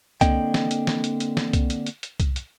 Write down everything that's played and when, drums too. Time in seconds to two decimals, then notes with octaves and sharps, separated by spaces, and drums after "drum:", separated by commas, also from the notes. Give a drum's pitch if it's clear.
0.21 D3 A#3 C4 D#5 G5, drum: kick C2, hi-hat
0.54 drum: snare
0.71 drum: hi-hat
0.87 drum: snare
1.04 drum: hi-hat
1.20 drum: hi-hat
1.37 drum: snare
1.53 drum: kick C2, hi-hat
1.70 drum: hi-hat
1.87 drum: hi-hat
2.03 drum: hi-hat
2.20 drum: kick C2, hi-hat
2.36 drum: hi-hat